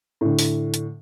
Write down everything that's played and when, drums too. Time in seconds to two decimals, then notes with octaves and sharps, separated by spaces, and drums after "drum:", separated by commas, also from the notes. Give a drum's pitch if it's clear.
0.21 A2 D3
0.39 drum: open hi-hat
0.74 drum: hi-hat